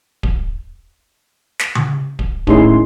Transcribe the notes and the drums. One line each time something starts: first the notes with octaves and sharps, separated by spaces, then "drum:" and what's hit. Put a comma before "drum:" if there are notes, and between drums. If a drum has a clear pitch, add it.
drum: kick D1
drum: snare
drum: tom C#3
drum: kick D1
A2 C#4 D#4 E4 G#4 C6, drum: kick D1